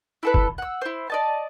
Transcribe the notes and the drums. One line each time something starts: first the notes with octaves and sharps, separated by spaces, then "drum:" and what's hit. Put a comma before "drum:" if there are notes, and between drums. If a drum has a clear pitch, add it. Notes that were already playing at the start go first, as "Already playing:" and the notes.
E4 A4 B4
drum: kick
F#5 E6
E4 C5
D5 D#5 A5